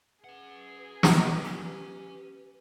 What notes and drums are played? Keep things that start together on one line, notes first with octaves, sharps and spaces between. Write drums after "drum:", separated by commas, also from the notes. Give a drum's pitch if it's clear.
C#4 G#4 B4 F#5
drum: snare
G4